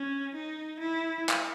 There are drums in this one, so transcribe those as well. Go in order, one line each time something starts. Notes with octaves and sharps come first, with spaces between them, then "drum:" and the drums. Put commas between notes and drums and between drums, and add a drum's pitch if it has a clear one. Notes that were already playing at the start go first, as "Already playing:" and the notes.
Already playing: C#4
D#4
E4
drum: clap